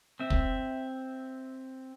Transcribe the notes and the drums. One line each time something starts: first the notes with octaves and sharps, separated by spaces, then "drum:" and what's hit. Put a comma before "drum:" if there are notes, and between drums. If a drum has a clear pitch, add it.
C4 E5
drum: kick